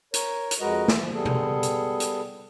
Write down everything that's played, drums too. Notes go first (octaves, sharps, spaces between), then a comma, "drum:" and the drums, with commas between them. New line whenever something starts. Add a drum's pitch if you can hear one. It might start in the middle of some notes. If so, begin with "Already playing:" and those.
A#4 C#5, drum: hi-hat
drum: hi-hat
F2 G#3 F#4 A#4 B4 D#5
drum: snare
F3
G3 B3 G#4 A4
drum: tom B2
drum: hi-hat
drum: hi-hat